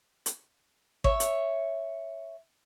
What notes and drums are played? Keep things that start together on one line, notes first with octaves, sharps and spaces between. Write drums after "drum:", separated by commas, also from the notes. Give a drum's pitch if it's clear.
drum: hi-hat
C#5 E5, drum: kick G#1
drum: hi-hat